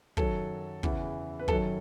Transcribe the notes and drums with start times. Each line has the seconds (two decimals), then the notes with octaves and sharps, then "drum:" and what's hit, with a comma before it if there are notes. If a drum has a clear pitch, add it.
0.17 F#2 D#3 F#3 A4, drum: kick
0.83 E2 C#3 E3, drum: kick
1.39 B4
1.48 F#2 D#3 F#3 A4, drum: kick